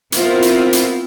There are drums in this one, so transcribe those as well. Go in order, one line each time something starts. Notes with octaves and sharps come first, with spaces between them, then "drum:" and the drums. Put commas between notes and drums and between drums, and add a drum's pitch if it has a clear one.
B3 C4 E4 F4 A#4, drum: hi-hat
drum: hi-hat
drum: hi-hat